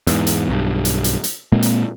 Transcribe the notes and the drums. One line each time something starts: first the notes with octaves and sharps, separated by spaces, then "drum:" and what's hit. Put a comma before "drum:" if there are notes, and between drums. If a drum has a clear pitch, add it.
E2 G#2, drum: hi-hat
drum: hi-hat
B1 G2
drum: hi-hat
drum: hi-hat
drum: hi-hat
A#2 G#3 A#3 C4
drum: hi-hat